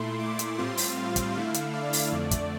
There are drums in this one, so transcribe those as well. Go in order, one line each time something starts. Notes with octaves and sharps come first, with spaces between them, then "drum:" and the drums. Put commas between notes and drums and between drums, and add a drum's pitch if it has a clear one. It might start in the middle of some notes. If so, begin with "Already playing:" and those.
Already playing: A#2 A3 E4 C6
D6
drum: hi-hat
A2 G3 C4 F4 C6
drum: open hi-hat
F5
drum: kick, hi-hat
D3 A3 E4 F5
drum: hi-hat
D5
drum: open hi-hat
F2 D3 A3
drum: kick, hi-hat